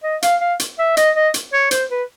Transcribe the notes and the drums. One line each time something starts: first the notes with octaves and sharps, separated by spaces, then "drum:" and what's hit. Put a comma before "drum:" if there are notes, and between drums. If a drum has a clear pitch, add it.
D#5
F5, drum: hi-hat
F5
drum: hi-hat
E5
D#5, drum: hi-hat
D#5
drum: hi-hat
C#5
C5, drum: hi-hat
B4